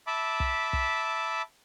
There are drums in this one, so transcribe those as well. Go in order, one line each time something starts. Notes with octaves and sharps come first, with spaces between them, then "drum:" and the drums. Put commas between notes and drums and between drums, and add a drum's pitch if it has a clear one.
E5 A5 B5 D6
drum: kick
drum: kick